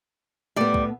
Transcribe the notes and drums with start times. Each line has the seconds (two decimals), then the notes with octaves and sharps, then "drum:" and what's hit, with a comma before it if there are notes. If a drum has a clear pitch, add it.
0.56 A2 G3 B3 D5
0.74 drum: kick